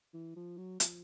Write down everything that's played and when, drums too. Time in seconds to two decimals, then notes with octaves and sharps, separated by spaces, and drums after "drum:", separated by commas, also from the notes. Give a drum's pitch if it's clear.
0.14 E3
0.36 F3
0.57 F#3
0.80 F3, drum: hi-hat